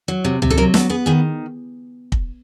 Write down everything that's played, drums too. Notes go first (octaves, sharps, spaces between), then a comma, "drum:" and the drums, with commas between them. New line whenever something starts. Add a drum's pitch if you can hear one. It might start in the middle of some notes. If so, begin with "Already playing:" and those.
F#3
C3
C3, drum: tom C#2
A4
F#3 A#4
B3 A4, drum: snare
B3 G#4
D#3 G#4
drum: kick